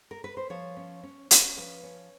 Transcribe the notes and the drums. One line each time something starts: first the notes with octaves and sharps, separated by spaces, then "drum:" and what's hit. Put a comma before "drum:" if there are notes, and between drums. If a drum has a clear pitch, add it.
A#4
B4
C5
F3 C#5
C#4
C#4
C#4, drum: hi-hat
F3 B4
C#4